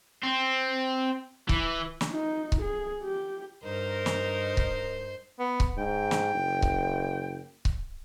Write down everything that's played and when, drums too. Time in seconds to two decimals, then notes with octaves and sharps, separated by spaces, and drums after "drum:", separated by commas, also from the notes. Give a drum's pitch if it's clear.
0.23 C4
1.49 E3, drum: kick C#1
2.01 drum: snare
2.12 D#4
2.52 drum: kick C#1
2.61 G#4
3.03 G4
3.63 G2 D#4 A#4 C5
4.06 drum: snare
4.57 drum: kick C#1
5.39 B3
5.60 drum: kick C#1
5.78 G#2 G5
6.11 drum: snare
6.35 F#1
6.62 drum: kick C#1
7.65 drum: kick C#1